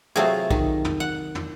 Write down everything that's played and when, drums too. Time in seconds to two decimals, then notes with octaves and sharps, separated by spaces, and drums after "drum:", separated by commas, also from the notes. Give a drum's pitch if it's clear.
0.16 C3 F#3 A3 C4 F4 G#4
0.51 D#3, drum: kick B1
0.85 drum: tom
1.00 F#5
1.35 drum: tom